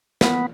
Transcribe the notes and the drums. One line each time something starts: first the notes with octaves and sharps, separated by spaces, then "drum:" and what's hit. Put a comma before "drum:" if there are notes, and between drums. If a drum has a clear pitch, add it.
B3, drum: snare